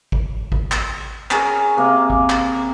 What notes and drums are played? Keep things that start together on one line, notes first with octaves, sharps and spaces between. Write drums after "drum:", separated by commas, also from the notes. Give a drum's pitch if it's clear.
drum: kick G#1
drum: kick G#1
drum: clap
C#4 G#4 A#4 G#5, drum: clap
C3 A#3
drum: kick G#1
drum: clap